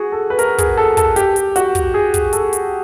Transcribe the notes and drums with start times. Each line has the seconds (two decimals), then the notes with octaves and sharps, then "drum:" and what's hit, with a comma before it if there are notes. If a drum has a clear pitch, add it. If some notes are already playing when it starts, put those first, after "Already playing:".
Already playing: F#4 G#4
0.12 A4
0.30 B4
0.39 A#4, drum: hi-hat
0.58 G#4, drum: kick, hi-hat
0.77 A4
0.97 A4, drum: kick, hi-hat
1.16 G4, drum: hi-hat
1.36 drum: hi-hat
1.56 F#4, drum: hi-hat
1.75 drum: kick, hi-hat
1.94 G#4
2.14 drum: kick, hi-hat
2.33 A4, drum: hi-hat
2.53 drum: hi-hat